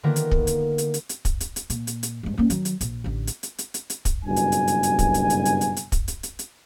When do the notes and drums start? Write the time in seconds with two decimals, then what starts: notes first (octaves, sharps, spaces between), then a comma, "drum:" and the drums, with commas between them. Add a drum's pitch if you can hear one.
0.03 D3 D#3 A#3 B3 F4 A#4
0.16 drum: hi-hat
0.31 drum: kick
0.47 drum: hi-hat
0.78 drum: hi-hat
0.94 drum: hi-hat
1.09 drum: hi-hat
1.25 drum: kick, hi-hat
1.40 drum: hi-hat
1.56 drum: hi-hat
1.70 A#2, drum: hi-hat
1.87 drum: hi-hat
2.03 drum: hi-hat
2.23 G2 G#3
2.38 A#3 C#4
2.50 D#3 F#3, drum: hi-hat
2.65 drum: hi-hat
2.81 A#1, drum: hi-hat
3.04 A1 D3
3.27 drum: hi-hat
3.43 drum: hi-hat
3.58 drum: hi-hat
3.74 drum: hi-hat
3.90 drum: hi-hat
4.05 drum: kick, hi-hat
4.24 F#1 G2 B2 G#5
4.36 drum: hi-hat
4.52 drum: hi-hat
4.68 drum: hi-hat
4.83 drum: hi-hat
4.99 drum: kick, hi-hat
5.14 drum: hi-hat
5.30 drum: hi-hat
5.45 drum: hi-hat
5.61 drum: hi-hat
5.77 drum: hi-hat
5.92 drum: kick, hi-hat
6.08 drum: hi-hat
6.23 drum: hi-hat
6.39 drum: hi-hat